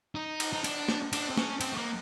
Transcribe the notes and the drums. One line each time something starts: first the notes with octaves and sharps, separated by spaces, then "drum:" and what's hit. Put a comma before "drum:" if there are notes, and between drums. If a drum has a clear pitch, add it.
D#4
drum: cymbal
D#4
D4, drum: cymbal
drum: snare
D4, drum: cymbal
C4
C#4, drum: snare
C4, drum: cymbal
A3
A#3